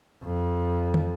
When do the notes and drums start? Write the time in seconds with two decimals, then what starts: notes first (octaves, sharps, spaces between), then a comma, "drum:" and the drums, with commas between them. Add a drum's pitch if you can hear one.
0.23 F2
0.94 drum: tom